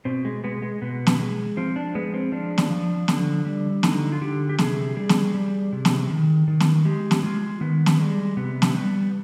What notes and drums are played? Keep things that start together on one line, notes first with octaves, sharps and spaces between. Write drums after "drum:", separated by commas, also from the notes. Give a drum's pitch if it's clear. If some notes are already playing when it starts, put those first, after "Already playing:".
B2 C4
G#3
G#3 B3
G#3
B2 B3
drum: snare
G#3
F3 C4
D4
G#3 B3
C4
F3 D4
drum: snare
F3
D3, drum: snare
G3
D3 D#4, drum: snare
F4
D3 G4
G4
C3 G#4, drum: snare
G3 G#4
drum: snare
G3
C3
drum: snare
D#3
D#3
drum: snare
G#3 G4
drum: snare
G#3 F4
D#3 B3
drum: snare
G3 G#3
C3 B3
drum: snare
G3 B3